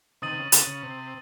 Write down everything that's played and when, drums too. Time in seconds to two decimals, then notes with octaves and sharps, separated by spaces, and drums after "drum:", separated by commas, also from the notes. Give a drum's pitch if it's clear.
0.22 C3 D#3 D#6 A6 D#7 F#7
0.32 C3
0.38 C#3
0.52 C#3, drum: hi-hat
0.67 C#3
0.82 C3